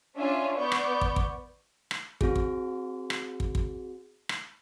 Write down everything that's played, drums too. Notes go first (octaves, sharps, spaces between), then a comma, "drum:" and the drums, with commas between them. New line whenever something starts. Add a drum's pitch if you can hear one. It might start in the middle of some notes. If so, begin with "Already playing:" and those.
C#4 D4 F4 E5 F5 G#5
B3 D5 C#6 D6 G6
drum: rim click
drum: kick
drum: kick
drum: rim click
C4 F#4 G#4, drum: kick
drum: kick
drum: rim click
drum: kick
drum: kick
drum: rim click